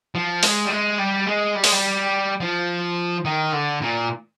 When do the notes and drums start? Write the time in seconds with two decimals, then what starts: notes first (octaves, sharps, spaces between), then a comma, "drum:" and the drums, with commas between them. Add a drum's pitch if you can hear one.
0.15 F3
0.43 G#3, drum: open hi-hat
0.65 G3
0.71 G#3
0.99 G3
1.27 G#3
1.56 G3
1.64 G#3, drum: open hi-hat
1.72 G3
2.40 F3
3.25 D#3
3.53 D3
3.81 A#2